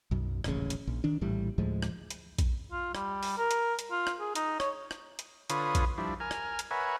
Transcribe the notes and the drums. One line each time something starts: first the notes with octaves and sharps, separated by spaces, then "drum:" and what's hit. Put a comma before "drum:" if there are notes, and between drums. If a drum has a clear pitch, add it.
B1 F#2
D#1 A1 C#3, drum: rim click
drum: hi-hat
A#1
D#3 D4
A#1 A2 E3 G3
D2 A2 F3 G#3
drum: rim click
drum: hi-hat
drum: kick A#1, hi-hat
F4
G3, drum: rim click
drum: open hi-hat
A#4
drum: hi-hat
drum: hi-hat
F4
drum: rim click
G#4
D#4, drum: hi-hat
C#5, drum: rim click
drum: rim click
drum: hi-hat
D3 F4 B4 C#5 D#6, drum: hi-hat
drum: kick A#1, hi-hat
F3 G3 D4 E4
A#4 G#5 F6
drum: rim click
drum: hi-hat
A#4 B4 C#5 E5 F#5 G#5